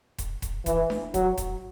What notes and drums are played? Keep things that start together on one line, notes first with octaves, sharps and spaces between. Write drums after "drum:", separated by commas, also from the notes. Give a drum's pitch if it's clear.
drum: kick E1, hi-hat
drum: kick E1, hi-hat
E3, drum: kick E1, hi-hat
drum: snare D4
F#3, drum: kick E1, hi-hat
drum: kick E1, hi-hat